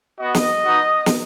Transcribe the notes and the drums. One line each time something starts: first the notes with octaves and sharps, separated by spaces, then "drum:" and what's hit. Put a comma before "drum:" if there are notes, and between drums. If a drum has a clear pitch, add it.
B3 F#4 D#5
drum: snare
B3 D#4 F#4
drum: snare